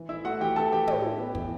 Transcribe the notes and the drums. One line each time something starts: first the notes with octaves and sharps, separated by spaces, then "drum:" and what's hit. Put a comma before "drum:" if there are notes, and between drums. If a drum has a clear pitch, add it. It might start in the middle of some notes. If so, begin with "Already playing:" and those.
Already playing: E3
E4 E5
A3 F#4 F#5
E3 G4 G5
E4 A4 A5
E3 G4 G5
A2, drum: tom
E4
B3
E3, drum: kick